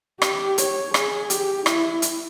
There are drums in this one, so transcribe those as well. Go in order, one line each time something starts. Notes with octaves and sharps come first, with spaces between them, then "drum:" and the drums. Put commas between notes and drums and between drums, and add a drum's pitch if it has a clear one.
G4, drum: rim click
C#5, drum: hi-hat
G#4, drum: rim click
G4, drum: hi-hat
E4, drum: rim click
drum: hi-hat